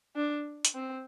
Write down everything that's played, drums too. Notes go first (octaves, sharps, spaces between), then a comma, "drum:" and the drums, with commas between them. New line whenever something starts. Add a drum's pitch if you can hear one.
D4
drum: hi-hat
C4